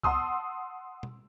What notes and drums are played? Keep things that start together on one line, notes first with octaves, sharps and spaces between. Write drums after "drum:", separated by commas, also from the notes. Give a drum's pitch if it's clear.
F#5 A5 C6 D#6 E6, drum: kick C#2
drum: tom B2